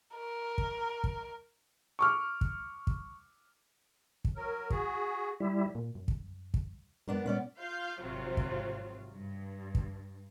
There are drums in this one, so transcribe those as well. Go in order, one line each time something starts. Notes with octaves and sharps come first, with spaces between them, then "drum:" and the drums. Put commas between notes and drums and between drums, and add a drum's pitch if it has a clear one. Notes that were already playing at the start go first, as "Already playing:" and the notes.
A#4
drum: kick
drum: kick
C#6 D6 F6
drum: kick
drum: kick
drum: kick
F#3 A#4
F#4 G#4, drum: kick
G3 E4
A#2
F#2
drum: kick
drum: kick
F#2 B3 D4 A#4
A#2 B3 C#4 D5
F4 F5 G6
G#1 F2 C3 F#3 C4 F4
drum: kick
G2
drum: kick